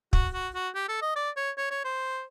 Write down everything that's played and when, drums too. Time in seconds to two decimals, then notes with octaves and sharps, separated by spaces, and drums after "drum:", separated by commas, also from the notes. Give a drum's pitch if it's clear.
0.13 F#4, drum: kick
0.34 F#4
0.54 F#4
0.75 G4
0.88 A4
1.02 D#5
1.16 D5
1.36 C#5
1.57 C#5
1.70 C#5
1.84 C5